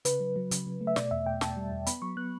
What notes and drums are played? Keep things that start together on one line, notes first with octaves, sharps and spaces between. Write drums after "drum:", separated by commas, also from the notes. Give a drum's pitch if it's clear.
C#3 B4, drum: hi-hat
F#3
F#3
C#3, drum: hi-hat
C#3
A3
E5
B2 D5, drum: snare
E2 E5
B2 G5
B2 A5, drum: snare
G3
E2
B3 B5, drum: hi-hat
F#3 C#6
B3 F#6